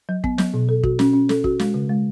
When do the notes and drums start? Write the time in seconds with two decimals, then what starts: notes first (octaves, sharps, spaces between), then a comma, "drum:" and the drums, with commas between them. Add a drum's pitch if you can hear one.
0.09 F#3
0.24 B3, drum: kick
0.38 F#3, drum: snare
0.54 B2
0.69 A4
0.83 F#4, drum: kick
0.99 C#4, drum: snare
1.13 C#4
1.29 A4, drum: snare
1.44 F#4, drum: kick
1.59 G#3, drum: snare
1.74 C#3
1.90 G#3